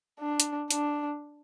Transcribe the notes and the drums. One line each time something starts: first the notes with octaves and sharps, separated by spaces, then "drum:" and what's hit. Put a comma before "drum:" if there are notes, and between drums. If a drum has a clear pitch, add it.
D4
drum: hi-hat
D4, drum: hi-hat